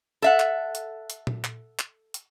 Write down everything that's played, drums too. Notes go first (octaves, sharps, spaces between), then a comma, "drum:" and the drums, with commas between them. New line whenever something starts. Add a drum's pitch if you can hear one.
A4 E5 F#5
drum: clap
drum: hi-hat
drum: hi-hat
drum: tom A#2
drum: clap
drum: clap
drum: hi-hat